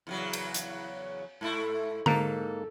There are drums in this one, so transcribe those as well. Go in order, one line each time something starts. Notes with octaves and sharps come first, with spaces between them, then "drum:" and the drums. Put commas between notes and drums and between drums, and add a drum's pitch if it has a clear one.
E2 C#3 F#3
drum: cymbal
drum: hi-hat
G#2 A3 E4
G#2 A#3 A4 A#5, drum: tom D3